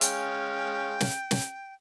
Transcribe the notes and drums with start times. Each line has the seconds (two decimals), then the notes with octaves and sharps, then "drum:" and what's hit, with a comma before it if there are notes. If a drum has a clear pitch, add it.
0.01 G#3 C#4 F5 G5, drum: hi-hat
1.01 drum: snare
1.31 drum: snare